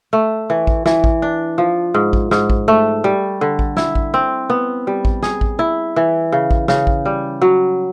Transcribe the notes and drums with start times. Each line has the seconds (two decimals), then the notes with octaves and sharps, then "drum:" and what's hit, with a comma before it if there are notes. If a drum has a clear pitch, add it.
0.13 A3
0.50 E3
0.67 drum: kick A1
0.86 E3, drum: snare
1.04 drum: kick A1
1.22 D4
1.58 F3
1.94 G#2
2.13 drum: kick A1
2.31 G#2, drum: snare
2.50 drum: kick A1
2.68 A3
3.04 G3
3.41 D3
3.59 drum: kick A1
3.77 E4, drum: snare
3.95 drum: kick A1
4.14 C4
4.50 B3
4.87 G3
5.05 drum: kick A1
5.23 G#4, drum: snare
5.41 drum: kick A1
5.59 E4
5.96 E3
6.32 C#3
6.51 drum: kick A1
6.68 C#3, drum: snare
6.87 drum: kick A1
7.05 G3
7.42 F#3